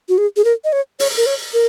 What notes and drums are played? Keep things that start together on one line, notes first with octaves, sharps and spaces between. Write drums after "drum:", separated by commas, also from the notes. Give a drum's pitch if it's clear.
F#4
G#4
G#4
A#4
D#5
C#5
C#5, drum: open hi-hat
A#4
C#5
A#4